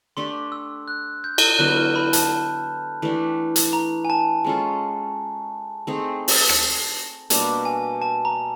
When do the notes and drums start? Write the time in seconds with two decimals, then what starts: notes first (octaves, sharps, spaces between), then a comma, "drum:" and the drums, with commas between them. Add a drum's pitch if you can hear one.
0.17 A3 D4 G4 C6
0.52 E6
0.88 F#6
1.24 G6
1.38 drum: cymbal
1.58 D3 F#3 B3 E4 F#6
1.77 F6
1.95 B5
2.13 A5, drum: hi-hat
3.02 E3 A3 D4 G4
3.56 drum: hi-hat
3.73 A#5
4.05 G#5
4.10 A5
4.44 G#3 C#4 F4 A4
5.87 A3 C4 D#4 G#4
6.28 drum: open hi-hat
6.49 drum: rim click
7.30 B2 G3 A#3 D4 A5, drum: hi-hat
7.65 G#5
8.02 A5
8.25 A#5